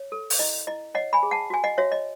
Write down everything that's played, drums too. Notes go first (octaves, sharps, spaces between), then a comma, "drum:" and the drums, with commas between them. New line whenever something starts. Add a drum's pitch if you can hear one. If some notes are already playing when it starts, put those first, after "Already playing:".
Already playing: C#5
A4
drum: open hi-hat
E4 D#5
E4 D#5
C#5 D#5 F#5
G#5 B5
G#4
F#5 A5
F#4 G#5
D#5 F#5
F#4 C#5 E5
D#5